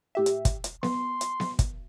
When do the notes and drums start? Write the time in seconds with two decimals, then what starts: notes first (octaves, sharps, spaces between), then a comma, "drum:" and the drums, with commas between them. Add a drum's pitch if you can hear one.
0.15 A2 G4 E5
0.26 drum: hi-hat
0.45 drum: kick, hi-hat
0.64 drum: hi-hat
0.83 B3 C6, drum: snare B3
1.21 drum: hi-hat
1.40 drum: snare B3
1.59 drum: kick, hi-hat